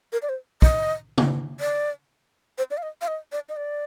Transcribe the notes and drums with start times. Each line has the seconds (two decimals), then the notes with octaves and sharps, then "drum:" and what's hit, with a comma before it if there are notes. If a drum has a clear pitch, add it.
0.13 A#4
0.22 D5
0.29 C5
0.62 D#5, drum: kick
1.18 drum: tom C#3
1.60 D5
2.58 C5
2.71 D5
2.77 F5
2.83 D#5
3.01 F5
3.08 D#5
3.32 D5
3.49 D#5
3.56 D5